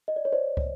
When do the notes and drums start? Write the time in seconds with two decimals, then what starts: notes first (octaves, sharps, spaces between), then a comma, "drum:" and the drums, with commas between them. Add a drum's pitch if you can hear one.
0.08 D#5
0.16 D5
0.25 C#5
0.32 C5 D5
0.57 drum: kick